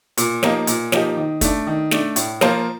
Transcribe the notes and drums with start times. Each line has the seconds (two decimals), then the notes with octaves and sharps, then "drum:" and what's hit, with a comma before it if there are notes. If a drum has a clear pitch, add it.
0.17 A#2, drum: hi-hat
0.43 F3 A#3 D#4 G4, drum: snare
0.67 A#2, drum: hi-hat
0.92 F3 A#3 D#4 G4, drum: snare
1.17 D#3
1.41 A3 D4, drum: kick, hi-hat
1.67 D#3
1.91 A3 D4, drum: snare
2.16 A2, drum: hi-hat
2.41 F3 A#3 F4 C5, drum: snare